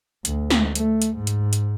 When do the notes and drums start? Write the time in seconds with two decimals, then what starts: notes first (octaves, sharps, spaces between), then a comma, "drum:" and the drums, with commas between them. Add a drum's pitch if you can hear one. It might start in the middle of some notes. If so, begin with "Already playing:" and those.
0.25 D2, drum: hi-hat
0.50 drum: snare
0.75 A3, drum: hi-hat
1.02 drum: hi-hat
1.16 G#2
1.27 drum: hi-hat
1.53 drum: hi-hat